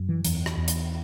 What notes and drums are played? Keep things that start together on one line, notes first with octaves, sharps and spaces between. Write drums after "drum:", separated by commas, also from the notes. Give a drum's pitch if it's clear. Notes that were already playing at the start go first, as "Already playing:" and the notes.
Already playing: F#2
E3
E2 E3, drum: hi-hat
drum: rim click
E2
drum: hi-hat